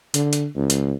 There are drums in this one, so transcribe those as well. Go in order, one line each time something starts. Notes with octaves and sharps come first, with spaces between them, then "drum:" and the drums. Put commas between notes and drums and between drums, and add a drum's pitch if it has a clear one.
D3, drum: hi-hat
drum: hi-hat
C#2
drum: hi-hat